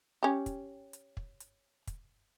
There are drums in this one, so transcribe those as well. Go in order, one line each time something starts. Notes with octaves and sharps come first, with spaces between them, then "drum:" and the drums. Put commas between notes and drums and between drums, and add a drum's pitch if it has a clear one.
C#4 G4
drum: kick, hi-hat
drum: hi-hat
drum: kick
drum: hi-hat
drum: kick, hi-hat